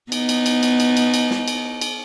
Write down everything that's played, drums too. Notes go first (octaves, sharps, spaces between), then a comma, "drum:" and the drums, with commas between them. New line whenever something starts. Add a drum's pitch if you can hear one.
B3 D#4, drum: cymbal
drum: cymbal
drum: cymbal
drum: cymbal
drum: cymbal
drum: cymbal
drum: cymbal
drum: snare
drum: cymbal
drum: cymbal